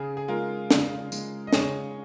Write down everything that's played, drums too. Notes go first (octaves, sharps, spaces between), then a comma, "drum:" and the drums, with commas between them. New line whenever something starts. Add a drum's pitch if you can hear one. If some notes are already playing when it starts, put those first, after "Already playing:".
Already playing: C#3 G#4
G#4
G#3 F4 A#4
C#3, drum: snare
G#3, drum: tambourine
D#5
C#3 G#4 C#5, drum: snare